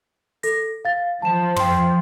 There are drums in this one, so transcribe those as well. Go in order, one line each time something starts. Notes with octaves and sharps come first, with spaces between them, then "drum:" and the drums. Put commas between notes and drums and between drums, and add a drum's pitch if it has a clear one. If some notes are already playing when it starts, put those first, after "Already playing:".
A4 A#6, drum: hi-hat
F5 A6
F3 A5 E7
G5 C6, drum: tom